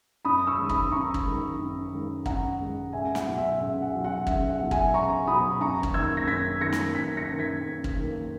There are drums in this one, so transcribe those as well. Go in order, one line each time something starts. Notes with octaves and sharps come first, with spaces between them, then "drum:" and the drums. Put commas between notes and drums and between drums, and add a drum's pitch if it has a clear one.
F#2 B5 D#6
C#6 E6
D#3 G#3
B5 D#6, drum: kick
F#2 A#5 C#6
drum: kick
D#3 G#3
F#2
D#3 G#3
F#2 F#5 A#5, drum: kick
D#3 G#3
C#2 E5 G#5
F#5, drum: snare
B2 F#3
E5
C#2 E5
F#5
B2 F#3
F#5
C#2 E5, drum: kick
F#5
B2 F#3
E5 G#5, drum: kick
C#2 A#5 C#6
B2 F#3 B5 D#6
F#2 A#5 C#6
drum: kick
D#3 A#3 E6 G#6
A#6
F#2 G#6 B6
D#3 A#3 A#6 C#7
drum: snare
F#2 G#6 B6
A#6 C#7
D#3 A#3
G#6 B6
F#2
drum: kick
D#3 A#3